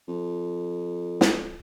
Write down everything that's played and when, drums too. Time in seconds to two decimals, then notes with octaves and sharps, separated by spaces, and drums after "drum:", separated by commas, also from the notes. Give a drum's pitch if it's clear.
0.08 F2
1.21 drum: snare